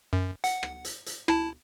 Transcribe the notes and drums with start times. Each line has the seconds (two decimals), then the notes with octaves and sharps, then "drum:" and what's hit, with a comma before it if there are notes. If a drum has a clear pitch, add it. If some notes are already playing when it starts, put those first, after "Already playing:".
0.13 F#2
0.44 F#5, drum: hi-hat
0.63 drum: rim click
0.85 drum: hi-hat
1.06 drum: hi-hat
1.28 E4 A5, drum: rim click